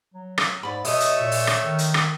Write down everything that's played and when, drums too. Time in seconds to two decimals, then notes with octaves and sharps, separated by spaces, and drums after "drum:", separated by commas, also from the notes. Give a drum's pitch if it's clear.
0.14 F#3
0.38 drum: rim click
0.63 G#2 D5 B5
0.85 B2 A3 C#5 D#5 E5 D#6, drum: open hi-hat
1.00 drum: hi-hat
1.20 A#2
1.32 drum: open hi-hat
1.47 drum: rim click
1.59 D#3
1.79 drum: hi-hat
1.94 drum: rim click